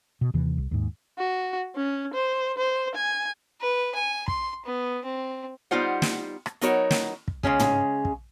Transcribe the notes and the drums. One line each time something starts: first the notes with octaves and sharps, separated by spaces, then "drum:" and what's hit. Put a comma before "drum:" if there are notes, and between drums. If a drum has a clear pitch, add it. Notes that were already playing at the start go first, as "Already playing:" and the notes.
B2
D#2 C3 E3
C2
D#2 G#2
F#4
C#4
C5
C5
G#5
B4
G#5
C6, drum: kick
B3
C4
G3 B3 D#4 F4 C5 F#5
drum: snare
drum: rim click
F#3 B3 D#4 F#4 A#4 C#5, drum: hi-hat
drum: snare
drum: kick
C#3 G#3 C#4 G#4, drum: kick
drum: tom
drum: kick